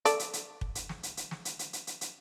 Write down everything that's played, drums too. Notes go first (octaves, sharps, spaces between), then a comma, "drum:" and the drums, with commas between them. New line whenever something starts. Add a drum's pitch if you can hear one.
A4 D5, drum: hi-hat
drum: hi-hat
drum: hi-hat
drum: kick
drum: hi-hat
drum: snare
drum: hi-hat
drum: hi-hat
drum: snare
drum: hi-hat
drum: hi-hat
drum: hi-hat
drum: hi-hat
drum: hi-hat